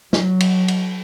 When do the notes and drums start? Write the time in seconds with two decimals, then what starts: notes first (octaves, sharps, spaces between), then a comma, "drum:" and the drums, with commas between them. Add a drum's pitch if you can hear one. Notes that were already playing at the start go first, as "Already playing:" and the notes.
0.13 F#3, drum: snare
0.40 drum: cymbal
0.68 drum: cymbal